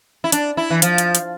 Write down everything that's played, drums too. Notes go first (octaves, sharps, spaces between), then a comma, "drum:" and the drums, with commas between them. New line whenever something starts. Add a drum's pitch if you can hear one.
E4
D4, drum: hi-hat
E4
E3
F3, drum: hi-hat
drum: hi-hat
drum: hi-hat